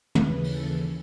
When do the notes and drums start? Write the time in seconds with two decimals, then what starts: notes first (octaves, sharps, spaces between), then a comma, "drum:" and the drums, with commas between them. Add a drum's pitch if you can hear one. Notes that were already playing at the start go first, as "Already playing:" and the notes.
0.15 D#2 C#3 E3 B4, drum: tom
0.44 A4, drum: open hi-hat